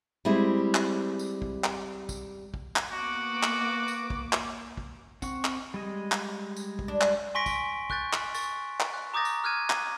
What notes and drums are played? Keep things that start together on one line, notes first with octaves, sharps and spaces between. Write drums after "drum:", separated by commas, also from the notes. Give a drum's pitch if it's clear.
G3 G#3 C4 E4
drum: clap
drum: tambourine
drum: kick
drum: clap
drum: kick, tambourine
drum: kick
drum: clap
A#3 B3 F#4 D6
drum: clap
drum: tambourine
drum: kick
drum: clap
drum: kick
C4 F#5 C#6, drum: kick, tambourine
drum: clap
G3 G#3 D#5
drum: clap
drum: tambourine
drum: kick
D4
drum: clap
G#5 C6 C#6 A#6 B6 D7
drum: kick, tambourine
C#6 F#6 G6 A6, drum: kick
drum: clap
C#6 A6, drum: tambourine
drum: clap
F#6
A#5 D6 D#6 G6 A6 A#6
drum: tambourine
F6 F#6 G#6 D#7
drum: clap